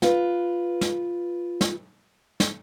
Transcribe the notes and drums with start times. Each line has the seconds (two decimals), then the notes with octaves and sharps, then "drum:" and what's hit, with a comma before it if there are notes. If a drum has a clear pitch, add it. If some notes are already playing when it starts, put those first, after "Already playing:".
0.02 F4 B4, drum: snare
0.81 drum: snare
1.61 drum: snare
2.40 drum: snare